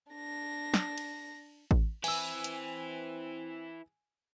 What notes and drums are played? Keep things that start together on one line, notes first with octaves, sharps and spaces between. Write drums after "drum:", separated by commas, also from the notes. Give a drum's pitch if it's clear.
D4 A#6
drum: snare
drum: cymbal
drum: kick A1
C4 E4 B4 G#5 E6, drum: cymbal
drum: hi-hat